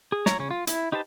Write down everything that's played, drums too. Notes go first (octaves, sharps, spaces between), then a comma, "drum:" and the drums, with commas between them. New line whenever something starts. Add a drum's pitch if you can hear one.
G#4
C#5 A#5, drum: snare
C#3 C#4
F4
E4, drum: hi-hat
D#4 G4 B4 C5 A5